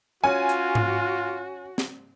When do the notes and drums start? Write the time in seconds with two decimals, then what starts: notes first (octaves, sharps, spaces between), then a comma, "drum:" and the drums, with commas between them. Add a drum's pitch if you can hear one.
0.24 C#4 F4 F#4 G#5
0.49 drum: hi-hat
0.75 drum: tom G#2
1.78 drum: snare